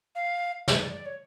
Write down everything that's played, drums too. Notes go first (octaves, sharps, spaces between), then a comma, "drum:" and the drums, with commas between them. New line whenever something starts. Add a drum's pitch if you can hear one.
F5
E5, drum: snare
D5
D5
C#5